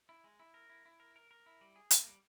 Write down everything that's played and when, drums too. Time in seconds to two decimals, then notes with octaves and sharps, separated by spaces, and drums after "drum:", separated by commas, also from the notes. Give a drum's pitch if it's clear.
0.09 E4
0.24 G#3
0.39 E4
0.54 A#4
0.69 E4
0.86 E4
1.00 A#4
1.16 A#4
1.31 A#4
1.46 E4
1.61 G3
1.76 G#4
1.91 A#3, drum: hi-hat
2.07 G3